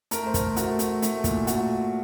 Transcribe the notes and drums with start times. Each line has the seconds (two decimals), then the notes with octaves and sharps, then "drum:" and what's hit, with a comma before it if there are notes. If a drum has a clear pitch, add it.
0.11 A3 A#4, drum: hi-hat
0.26 C5
0.34 A3, drum: kick, hi-hat
0.41 A#4
0.56 A3 F#4, drum: hi-hat
0.79 A3, drum: hi-hat
1.02 A3, drum: hi-hat
1.24 A#2, drum: kick, hi-hat
1.47 A3 F#4, drum: hi-hat